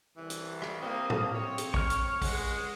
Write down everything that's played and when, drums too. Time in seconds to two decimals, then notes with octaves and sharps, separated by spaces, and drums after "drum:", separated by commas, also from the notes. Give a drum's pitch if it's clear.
0.17 C2 E3
0.30 drum: hi-hat
0.62 drum: rim click
0.82 A#3 C4 D#6
1.10 drum: tom
1.35 C4 C#5
1.58 drum: hi-hat
1.74 C#6 F6, drum: kick
1.90 drum: hi-hat
2.22 C#2 G#3 F#5, drum: kick, open hi-hat